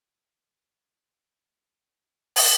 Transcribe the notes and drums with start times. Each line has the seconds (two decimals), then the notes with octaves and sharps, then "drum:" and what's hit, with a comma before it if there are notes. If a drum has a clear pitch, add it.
0.11 A4
0.68 B2
1.17 A2
1.52 C4
2.04 E2
2.36 drum: open hi-hat